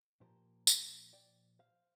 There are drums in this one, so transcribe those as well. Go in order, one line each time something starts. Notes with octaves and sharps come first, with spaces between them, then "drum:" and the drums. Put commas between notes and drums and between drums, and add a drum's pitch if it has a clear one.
A#2 F3 A#3 G4 C5
C5 F5, drum: tambourine
D5 G5
C5 F5